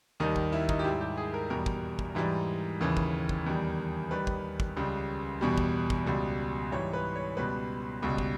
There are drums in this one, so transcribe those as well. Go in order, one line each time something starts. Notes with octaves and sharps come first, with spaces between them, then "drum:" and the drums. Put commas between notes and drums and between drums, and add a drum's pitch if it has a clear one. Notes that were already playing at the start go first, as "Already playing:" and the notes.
D#2 D#3 G3 D#4
drum: kick
E4
D#4, drum: kick
G4
G#2 G3 E4
G4
G#4
A#4
E2 B2 G3 A#4
drum: kick
drum: kick
G#2 E3 G3
D#2 C#3 E3
drum: kick
drum: kick
E2 D#3 G3
D#2 D#3 G3 B4
drum: kick
drum: kick
C#2 C#3 G3
E2 B2 G3
drum: kick
drum: kick
C#2 B2 G3
G#2 E3 G3 C#5
B4
C#5
C#2 B2 G3 B4
C#2 B2 G3
drum: kick